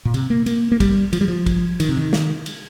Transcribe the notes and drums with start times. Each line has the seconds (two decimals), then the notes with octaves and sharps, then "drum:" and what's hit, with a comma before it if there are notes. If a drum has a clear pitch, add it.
0.05 A#2
0.14 C3, drum: cymbal
0.30 A#3
0.46 A#3, drum: cymbal
0.72 A#3
0.80 G3, drum: kick, cymbal
1.13 F3, drum: cymbal
1.21 G3
1.28 F3
1.46 drum: kick, cymbal
1.80 D#3, drum: cymbal
1.89 C3
1.97 D#3
2.13 drum: snare
2.46 drum: cymbal